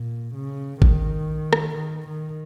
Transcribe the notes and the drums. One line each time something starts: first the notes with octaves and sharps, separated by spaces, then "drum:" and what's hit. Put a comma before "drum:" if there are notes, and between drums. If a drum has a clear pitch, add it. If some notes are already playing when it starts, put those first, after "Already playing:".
Already playing: A#2
C#3
D#3, drum: kick
drum: rim click
D#3
D#3